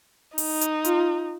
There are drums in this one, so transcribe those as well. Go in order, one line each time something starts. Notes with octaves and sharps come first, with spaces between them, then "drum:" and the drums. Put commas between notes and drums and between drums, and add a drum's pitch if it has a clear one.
D#4, drum: open hi-hat
drum: hi-hat
F4, drum: hi-hat